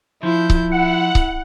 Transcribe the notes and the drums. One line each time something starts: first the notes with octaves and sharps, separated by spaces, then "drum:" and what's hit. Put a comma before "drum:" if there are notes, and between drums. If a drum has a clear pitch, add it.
F3 E4 G6
drum: kick C#1
E4 F#5
drum: kick C#1